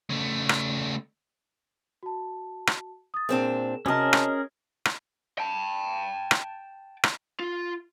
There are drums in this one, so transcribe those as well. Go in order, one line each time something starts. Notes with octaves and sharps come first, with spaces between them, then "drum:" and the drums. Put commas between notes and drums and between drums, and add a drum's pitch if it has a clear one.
C#3 A3
drum: rim click
F#4 A5
drum: rim click
D#6 A6
A#2 C4 D4 G#4 A#4 E7
C3 C#4 F#4 G#4 A#4 C#5 D#5 A5
drum: rim click
drum: rim click
G5 A5
drum: rim click
drum: rim click
F4